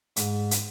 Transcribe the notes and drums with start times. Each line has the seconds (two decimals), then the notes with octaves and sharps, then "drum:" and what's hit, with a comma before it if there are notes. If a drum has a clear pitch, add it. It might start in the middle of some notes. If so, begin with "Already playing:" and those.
0.16 G#2, drum: hi-hat
0.51 drum: hi-hat